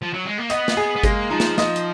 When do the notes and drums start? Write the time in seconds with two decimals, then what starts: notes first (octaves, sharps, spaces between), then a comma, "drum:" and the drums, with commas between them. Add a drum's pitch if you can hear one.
0.02 F3
0.14 F#3
0.26 G#3
0.38 A#3
0.50 B3 D#5, drum: hi-hat
0.68 drum: snare
0.77 G#4
0.96 B3
1.03 G#3 A#3, drum: kick G1, hi-hat
1.30 F3 D#4
1.40 drum: snare
1.58 D#5, drum: snare
1.76 drum: hi-hat